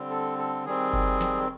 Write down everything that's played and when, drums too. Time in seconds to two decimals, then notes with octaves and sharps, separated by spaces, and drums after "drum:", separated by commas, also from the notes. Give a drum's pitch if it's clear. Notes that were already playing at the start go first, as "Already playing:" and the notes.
Already playing: D3 G3 C4
0.10 A4
0.38 A4
0.66 D#3 G3 C4 G#4
0.93 drum: kick F#1
1.21 drum: snare